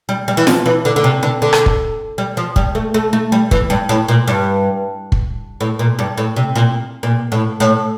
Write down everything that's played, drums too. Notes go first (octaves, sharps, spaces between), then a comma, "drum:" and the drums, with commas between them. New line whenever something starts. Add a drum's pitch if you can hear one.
G3
G3
E3
F3, drum: snare
E3
D3
D3
C3
D3
D3
drum: rim click
drum: kick
G3
F3
G3, drum: kick
A3
A3
A3
G3
E3, drum: kick
G2
A2
A#2
G2
drum: kick
A2
A#2
G2
A2
C3
A#2
A#2
A2
A2